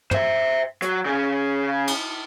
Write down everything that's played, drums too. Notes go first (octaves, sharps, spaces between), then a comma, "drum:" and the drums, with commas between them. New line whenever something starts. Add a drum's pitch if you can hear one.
C5 E5, drum: tom
F#3, drum: hi-hat
C#3 C#4
drum: cymbal